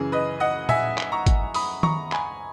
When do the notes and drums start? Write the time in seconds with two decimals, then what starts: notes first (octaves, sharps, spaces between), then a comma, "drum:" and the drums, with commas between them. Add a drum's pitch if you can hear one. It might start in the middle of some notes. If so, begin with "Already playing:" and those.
Already playing: F#2 C#3 E3 G#4
0.12 B4 D#5
0.40 D#5 F#5
0.69 E5 G#5, drum: tom A#2
0.98 drum: clap
1.12 A#5 C#6
1.26 drum: kick G#1, hi-hat
1.54 B5 D#6, drum: open hi-hat
1.83 A#5 C#6, drum: tom D#3
2.12 G#5 B5, drum: clap